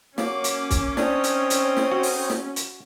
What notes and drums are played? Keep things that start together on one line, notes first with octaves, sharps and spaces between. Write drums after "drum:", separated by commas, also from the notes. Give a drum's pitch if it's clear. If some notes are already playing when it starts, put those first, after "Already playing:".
F#3 A#3 C#4 F5 D6, drum: snare
drum: hi-hat
drum: kick, hi-hat
C4 D4 D#4 C#5 D#6, drum: snare
drum: hi-hat
drum: hi-hat
drum: snare
F#4
drum: open hi-hat
drum: snare
drum: hi-hat